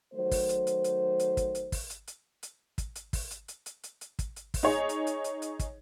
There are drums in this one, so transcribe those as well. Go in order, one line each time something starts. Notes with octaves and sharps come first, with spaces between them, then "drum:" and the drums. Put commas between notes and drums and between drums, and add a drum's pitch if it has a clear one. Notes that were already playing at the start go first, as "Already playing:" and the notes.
D#3 F#3 A3 C5
drum: kick, open hi-hat
drum: hi-hat
drum: hi-hat
drum: hi-hat
drum: hi-hat
drum: kick, hi-hat
drum: hi-hat
drum: kick, open hi-hat
drum: hi-hat
drum: hi-hat
drum: hi-hat
drum: kick, hi-hat
drum: hi-hat
drum: kick, open hi-hat
drum: hi-hat
drum: hi-hat
drum: hi-hat
drum: hi-hat
drum: hi-hat
drum: kick, hi-hat
drum: hi-hat
drum: kick, open hi-hat
D#4 G#4 C#5
drum: hi-hat
drum: hi-hat
drum: hi-hat
drum: hi-hat
drum: kick, hi-hat